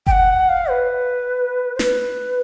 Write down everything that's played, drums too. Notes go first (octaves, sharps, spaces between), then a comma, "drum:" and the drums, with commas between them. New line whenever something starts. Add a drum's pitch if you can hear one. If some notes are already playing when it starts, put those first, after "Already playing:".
G5, drum: kick F#1
F#5
F5
B4
C5
B4, drum: snare